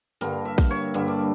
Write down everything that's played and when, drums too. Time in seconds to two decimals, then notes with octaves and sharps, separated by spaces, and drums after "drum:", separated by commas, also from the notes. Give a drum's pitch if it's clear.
0.21 G2 D3 G3 A#3 A#4, drum: hi-hat
0.45 E5
0.58 drum: kick, open hi-hat
0.71 C#5
0.94 G2 D3 G3 A#3 E5, drum: hi-hat
1.08 D5